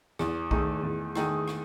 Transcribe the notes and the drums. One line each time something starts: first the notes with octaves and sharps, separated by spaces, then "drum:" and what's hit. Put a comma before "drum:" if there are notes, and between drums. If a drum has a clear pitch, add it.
E2, drum: rim click
D#3 A3 D#4 G#4, drum: kick B1
E2
D#3 A3 D#4 G#4, drum: rim click
drum: rim click